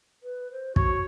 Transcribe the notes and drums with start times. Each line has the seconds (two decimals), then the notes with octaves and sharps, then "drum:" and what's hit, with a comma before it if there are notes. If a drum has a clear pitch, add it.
0.23 B4
0.52 C5
0.76 F#4 C#5, drum: kick